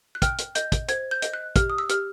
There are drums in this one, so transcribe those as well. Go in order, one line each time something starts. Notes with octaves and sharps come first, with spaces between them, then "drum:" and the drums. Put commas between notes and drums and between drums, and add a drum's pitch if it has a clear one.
F#6
G5 F6, drum: kick, hi-hat
drum: hi-hat
D#5 G6, drum: hi-hat
drum: kick, hi-hat
C5 G#6, drum: hi-hat
G6
D#5, drum: hi-hat
F#6
G4 F6, drum: kick, hi-hat
D#6
E6
G4 F6, drum: hi-hat